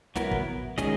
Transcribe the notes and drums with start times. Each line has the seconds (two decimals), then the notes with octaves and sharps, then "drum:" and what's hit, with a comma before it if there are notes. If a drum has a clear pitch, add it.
0.16 F#3 B3 E4 A#4, drum: snare
0.31 drum: kick
0.78 D#3 G#3 C#4 G#4 D#5, drum: snare